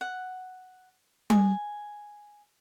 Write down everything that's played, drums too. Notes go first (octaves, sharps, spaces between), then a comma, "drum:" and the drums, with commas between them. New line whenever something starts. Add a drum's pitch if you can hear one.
F#5
G#5, drum: tom G3